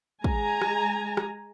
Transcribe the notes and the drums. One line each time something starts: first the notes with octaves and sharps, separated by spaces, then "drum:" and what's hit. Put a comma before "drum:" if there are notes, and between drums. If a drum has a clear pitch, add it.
G#3 G#5 A#5, drum: kick
drum: rim click
drum: rim click